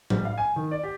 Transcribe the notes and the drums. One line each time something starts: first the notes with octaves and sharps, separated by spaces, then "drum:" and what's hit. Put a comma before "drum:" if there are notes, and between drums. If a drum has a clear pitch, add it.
G3, drum: tom A2
F5
G#5
D#3
D5
G4